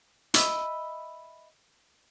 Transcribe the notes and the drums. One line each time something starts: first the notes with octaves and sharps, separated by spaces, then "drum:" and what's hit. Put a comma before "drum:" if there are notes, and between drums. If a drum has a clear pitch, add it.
D#5 E5 B5, drum: hi-hat